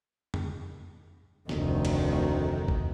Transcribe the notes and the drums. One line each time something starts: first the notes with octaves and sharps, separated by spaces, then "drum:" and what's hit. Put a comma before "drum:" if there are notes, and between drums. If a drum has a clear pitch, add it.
drum: tom F2
F1 D2 D#3, drum: snare
drum: cymbal
drum: kick G#1